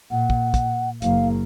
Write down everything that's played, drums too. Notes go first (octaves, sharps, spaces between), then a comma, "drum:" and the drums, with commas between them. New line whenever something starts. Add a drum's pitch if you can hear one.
A#2 F#5
drum: kick
drum: kick, hi-hat
F#1 A#3 F5, drum: hi-hat